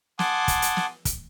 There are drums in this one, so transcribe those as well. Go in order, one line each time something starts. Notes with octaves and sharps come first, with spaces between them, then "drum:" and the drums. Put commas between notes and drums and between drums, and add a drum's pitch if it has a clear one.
F#5 G#5 A5 C6 D6 D#6, drum: snare
drum: kick, hi-hat
drum: hi-hat
drum: snare
drum: kick, hi-hat